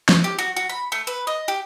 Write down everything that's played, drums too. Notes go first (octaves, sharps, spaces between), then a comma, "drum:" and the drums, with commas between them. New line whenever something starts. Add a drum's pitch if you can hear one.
drum: snare
G4
F#4
F#4
B5
A3
B4
D#5
G4